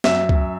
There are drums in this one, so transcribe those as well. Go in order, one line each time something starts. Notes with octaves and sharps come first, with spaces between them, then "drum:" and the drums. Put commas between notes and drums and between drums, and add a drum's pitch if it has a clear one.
F#2 E5, drum: snare
drum: kick